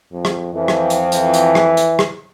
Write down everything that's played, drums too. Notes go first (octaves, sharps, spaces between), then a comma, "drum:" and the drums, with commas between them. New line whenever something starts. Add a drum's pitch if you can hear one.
F2
drum: rim click
F2 E3
drum: rim click
drum: hi-hat
E3, drum: hi-hat
drum: hi-hat
drum: rim click
drum: hi-hat
drum: rim click